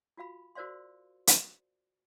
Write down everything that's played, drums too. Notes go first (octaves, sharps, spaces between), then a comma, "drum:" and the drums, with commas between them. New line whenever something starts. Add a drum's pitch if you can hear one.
F4 F#4 F5 B5
F#4 A#4 C5 D5 F5 C6
drum: hi-hat